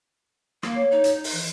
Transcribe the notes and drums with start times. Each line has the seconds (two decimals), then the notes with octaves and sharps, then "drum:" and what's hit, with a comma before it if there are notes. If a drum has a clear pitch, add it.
0.63 A#3, drum: rim click
0.76 C#5
0.92 D#4
1.04 drum: hi-hat
1.24 drum: open hi-hat
1.33 E3